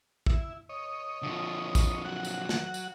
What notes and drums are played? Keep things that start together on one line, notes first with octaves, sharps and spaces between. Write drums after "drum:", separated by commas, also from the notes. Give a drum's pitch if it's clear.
E4, drum: kick
C#5 D#5
D3 F3
drum: kick, tambourine
F#3 F#4 F#5
drum: tambourine
drum: snare
drum: tambourine